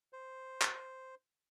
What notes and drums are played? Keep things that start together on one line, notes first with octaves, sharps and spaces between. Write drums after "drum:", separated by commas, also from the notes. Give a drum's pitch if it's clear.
C5
drum: clap